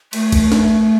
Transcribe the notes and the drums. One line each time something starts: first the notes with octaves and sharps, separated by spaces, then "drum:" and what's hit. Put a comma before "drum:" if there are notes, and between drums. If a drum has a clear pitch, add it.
A3, drum: cymbal
drum: kick A1, cymbal
drum: snare